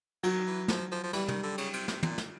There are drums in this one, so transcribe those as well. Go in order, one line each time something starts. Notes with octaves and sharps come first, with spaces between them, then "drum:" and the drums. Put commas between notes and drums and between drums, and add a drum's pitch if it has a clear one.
D#3 F#3, drum: cymbal
E3
F3, drum: snare
F3
F3
E3 G3, drum: cymbal
D#3, drum: tom
D3
C#3, drum: cymbal
C3, drum: cymbal
C3, drum: snare
A#2, drum: tom
drum: snare